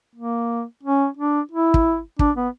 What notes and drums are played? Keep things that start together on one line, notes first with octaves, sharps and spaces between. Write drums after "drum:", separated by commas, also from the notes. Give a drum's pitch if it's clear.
A#3
C#4
D4
E4
drum: kick
D4, drum: kick
B3